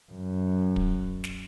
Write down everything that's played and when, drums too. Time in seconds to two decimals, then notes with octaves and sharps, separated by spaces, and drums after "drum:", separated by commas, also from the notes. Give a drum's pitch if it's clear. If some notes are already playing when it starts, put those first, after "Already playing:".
0.12 F#2
0.76 drum: kick
1.24 drum: snare